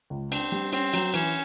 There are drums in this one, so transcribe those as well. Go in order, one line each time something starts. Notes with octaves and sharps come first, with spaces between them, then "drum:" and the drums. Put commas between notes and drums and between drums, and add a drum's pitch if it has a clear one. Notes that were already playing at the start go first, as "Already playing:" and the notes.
C#2
C4 D4, drum: cymbal
G3
C4 C#4, drum: cymbal
F#3, drum: cymbal
E3 C#4, drum: cymbal